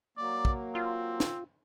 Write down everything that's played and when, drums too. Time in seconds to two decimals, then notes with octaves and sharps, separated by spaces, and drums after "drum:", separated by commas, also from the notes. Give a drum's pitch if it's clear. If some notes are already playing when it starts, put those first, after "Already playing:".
0.18 F#3 A#3 D5
0.45 drum: kick
0.75 C4 F4
1.20 drum: snare